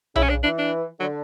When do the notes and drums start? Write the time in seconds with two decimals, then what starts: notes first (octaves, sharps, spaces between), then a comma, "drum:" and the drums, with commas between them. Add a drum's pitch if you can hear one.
0.15 C#3 E4, drum: tom B1
0.23 C#4
0.30 D4
0.44 E3 D4
0.59 D4
1.00 D3 F#3